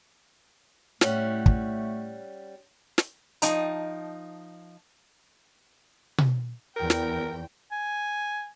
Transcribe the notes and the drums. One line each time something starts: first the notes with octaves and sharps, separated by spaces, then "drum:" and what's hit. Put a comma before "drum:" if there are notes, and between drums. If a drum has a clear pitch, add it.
A2 G3 A3 C#4 F#5, drum: snare
drum: kick
drum: snare
F3 D#4 G5 A5 A#5, drum: hi-hat
drum: tom B2
E2 A#4 G5
drum: snare
G#5